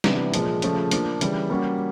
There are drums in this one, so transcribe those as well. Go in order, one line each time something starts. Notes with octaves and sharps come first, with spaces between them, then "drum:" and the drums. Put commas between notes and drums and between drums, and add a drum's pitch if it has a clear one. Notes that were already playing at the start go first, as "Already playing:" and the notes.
C3 E3 G3 B3 D4, drum: snare
A#2 F3 G#3, drum: hi-hat
C#3 F3 A3, drum: hi-hat
F3 A#3 D4, drum: hi-hat
C#3 E3 G3, drum: hi-hat
G3 A#3 C#4 F#4